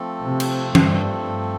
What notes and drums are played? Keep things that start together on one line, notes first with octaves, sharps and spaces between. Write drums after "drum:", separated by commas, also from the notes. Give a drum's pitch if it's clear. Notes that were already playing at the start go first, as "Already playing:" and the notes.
Already playing: F3 A3 C4 A4
C3
drum: cymbal
G2, drum: tom E3